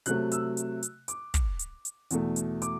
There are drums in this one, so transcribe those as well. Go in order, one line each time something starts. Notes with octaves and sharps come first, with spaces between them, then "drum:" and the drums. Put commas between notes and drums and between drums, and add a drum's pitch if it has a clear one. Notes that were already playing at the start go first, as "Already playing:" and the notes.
C3 F#3 A3 F#6, drum: hi-hat
E6, drum: hi-hat
drum: hi-hat
drum: hi-hat
D6, drum: hi-hat
drum: kick, hi-hat
drum: hi-hat
drum: hi-hat
E2 B2 A3, drum: hi-hat
drum: hi-hat
D6, drum: hi-hat